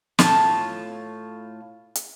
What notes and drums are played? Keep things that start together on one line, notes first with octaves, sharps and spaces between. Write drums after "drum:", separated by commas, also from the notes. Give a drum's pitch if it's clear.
A2 F4 A5, drum: snare
drum: hi-hat